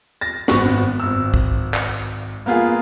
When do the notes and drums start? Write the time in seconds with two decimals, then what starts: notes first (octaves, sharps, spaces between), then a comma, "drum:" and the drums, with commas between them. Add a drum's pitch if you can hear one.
0.21 A6 A#6
0.48 G#1 B3 F#4 C#6, drum: snare
1.00 G#1 E6
1.34 drum: kick
1.74 drum: clap
2.46 A#3 B3 F4 G#4